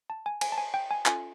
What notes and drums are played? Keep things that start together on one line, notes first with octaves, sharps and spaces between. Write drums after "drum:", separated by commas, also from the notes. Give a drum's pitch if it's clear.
A5
G#5
G#5, drum: cymbal
A5
G#5
G5
G#5
C#4 F4 A4 G#5, drum: clap